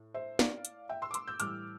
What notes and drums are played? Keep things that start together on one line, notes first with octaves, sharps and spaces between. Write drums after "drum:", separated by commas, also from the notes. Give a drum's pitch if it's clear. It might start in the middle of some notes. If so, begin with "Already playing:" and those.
Already playing: A2
C5 E5
D5 F5, drum: snare
drum: hi-hat
E5 G5
C6 E6
D6
C6 E6, drum: hi-hat
E6 G6
A2 E3 G3 D6 F6, drum: hi-hat